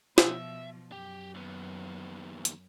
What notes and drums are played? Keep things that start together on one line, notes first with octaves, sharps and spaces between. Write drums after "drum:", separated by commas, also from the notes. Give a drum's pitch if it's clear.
B2 F3 E5, drum: snare
F#2 G4
D#2 B3
drum: hi-hat